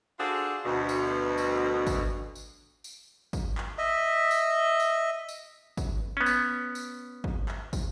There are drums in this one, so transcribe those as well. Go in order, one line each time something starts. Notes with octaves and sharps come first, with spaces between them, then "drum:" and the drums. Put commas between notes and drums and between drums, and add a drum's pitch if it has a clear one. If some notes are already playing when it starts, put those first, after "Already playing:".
D4 F4 F#4 G#4 A4 C5
D2 B2
drum: tambourine
drum: tambourine
drum: kick, tambourine
drum: tambourine
drum: tambourine
drum: kick, tambourine
drum: clap
D#5 E5
drum: tambourine
drum: tambourine
drum: tambourine
drum: kick, tambourine
B3 C#4
drum: tambourine
drum: tambourine
drum: kick
drum: clap
drum: kick, tambourine